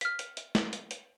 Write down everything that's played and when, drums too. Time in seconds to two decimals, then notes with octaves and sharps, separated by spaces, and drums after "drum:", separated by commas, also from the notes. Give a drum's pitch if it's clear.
0.01 F6 B6, drum: hi-hat
0.19 drum: hi-hat
0.37 drum: hi-hat
0.55 drum: snare
0.73 drum: hi-hat
0.91 drum: hi-hat